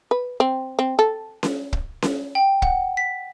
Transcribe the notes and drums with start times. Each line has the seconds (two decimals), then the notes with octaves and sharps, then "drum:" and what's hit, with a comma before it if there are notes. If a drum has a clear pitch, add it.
0.11 B4
0.40 C4
0.79 C4
0.99 A4
1.43 drum: snare C#4
1.73 drum: kick
2.02 drum: snare C#4
2.35 G5
2.62 F#5, drum: kick
2.97 B6